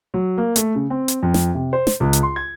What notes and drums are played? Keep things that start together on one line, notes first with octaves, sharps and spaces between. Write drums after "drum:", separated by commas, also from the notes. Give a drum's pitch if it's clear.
F#3
A#3
A3, drum: hi-hat
C#3
C4
drum: hi-hat
F2
drum: snare
C3
C5
drum: snare
C#2
drum: hi-hat
C6
G#6